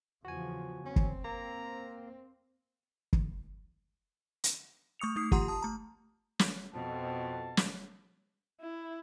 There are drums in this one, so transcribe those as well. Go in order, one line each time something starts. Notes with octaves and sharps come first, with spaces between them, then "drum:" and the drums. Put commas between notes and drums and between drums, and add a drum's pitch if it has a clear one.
E2 C#3 F3 F#4 G#5
C4 C#4
drum: kick
A#3 A#5
drum: kick
drum: hi-hat
A3 C#6 D#6 C#7 F7
A3 D#4 D#6 C7
F4 G4 F#5 A#5 C6 D#6, drum: kick
A5 D#6
A3 A#5
drum: snare
F2 B2 A5
drum: snare
E4